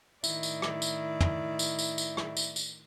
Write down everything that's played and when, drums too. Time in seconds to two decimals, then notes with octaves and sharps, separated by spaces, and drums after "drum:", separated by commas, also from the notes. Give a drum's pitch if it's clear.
0.24 A2 D#3 E4 D5, drum: tambourine
0.43 drum: tambourine
0.62 drum: rim click
0.82 drum: tambourine
1.20 drum: tom
1.59 drum: tambourine
1.79 drum: tambourine
1.98 drum: tambourine
2.17 drum: rim click
2.37 drum: tambourine
2.56 drum: tambourine